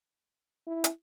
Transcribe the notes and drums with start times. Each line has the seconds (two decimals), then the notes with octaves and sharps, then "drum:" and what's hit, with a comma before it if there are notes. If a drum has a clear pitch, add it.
0.67 E4
0.84 drum: hi-hat